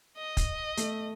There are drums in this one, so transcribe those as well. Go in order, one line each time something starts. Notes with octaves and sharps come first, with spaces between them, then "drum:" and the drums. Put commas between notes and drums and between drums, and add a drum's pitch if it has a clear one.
D#5
drum: kick, hi-hat
A3, drum: hi-hat